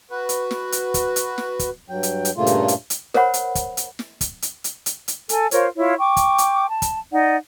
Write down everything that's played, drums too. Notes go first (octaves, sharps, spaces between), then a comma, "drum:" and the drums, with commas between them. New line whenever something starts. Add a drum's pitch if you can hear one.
F#4 B4
drum: hi-hat
drum: snare
drum: hi-hat
drum: kick, hi-hat
drum: hi-hat
drum: snare
drum: kick, hi-hat
G2 F#3 G5
drum: hi-hat
drum: hi-hat
G2 A#2 C#3 A3 A#3 F4
drum: hi-hat
drum: hi-hat
drum: hi-hat
A#4 C5 C#5 F#5 B5, drum: snare
drum: hi-hat
drum: kick, hi-hat
drum: hi-hat
drum: snare
drum: kick, hi-hat
drum: hi-hat
drum: hi-hat
drum: hi-hat
drum: hi-hat
A4 G#5, drum: hi-hat
F4 A#4 C5 C#5, drum: hi-hat
E4 F4 C#5
G5 C#6 D6
drum: kick, hi-hat
drum: hi-hat
A5
drum: kick, hi-hat
D#4 D5 F#5